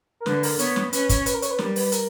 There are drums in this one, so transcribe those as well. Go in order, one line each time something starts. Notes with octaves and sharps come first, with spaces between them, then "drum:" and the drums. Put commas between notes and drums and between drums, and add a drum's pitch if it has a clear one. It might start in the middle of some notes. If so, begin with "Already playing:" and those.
A#4
D3 B4, drum: snare
A#4, drum: open hi-hat
B3 C#5, drum: hi-hat
drum: snare
C#4 B4, drum: hi-hat
C#5, drum: kick, hi-hat
B4, drum: hi-hat
A#4
C#5, drum: hi-hat
B4
G3 A#4, drum: snare
B4, drum: open hi-hat
A#4, drum: hi-hat